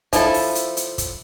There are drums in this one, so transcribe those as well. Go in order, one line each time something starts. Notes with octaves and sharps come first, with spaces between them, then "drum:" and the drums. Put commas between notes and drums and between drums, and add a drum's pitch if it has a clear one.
F3 E4 A4, drum: kick, hi-hat
drum: open hi-hat
drum: hi-hat
drum: hi-hat
drum: kick, hi-hat